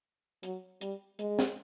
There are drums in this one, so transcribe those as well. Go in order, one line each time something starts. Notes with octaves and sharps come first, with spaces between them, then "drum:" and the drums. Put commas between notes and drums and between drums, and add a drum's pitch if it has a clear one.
F#3, drum: hi-hat
G3, drum: hi-hat
G#3, drum: hi-hat
drum: snare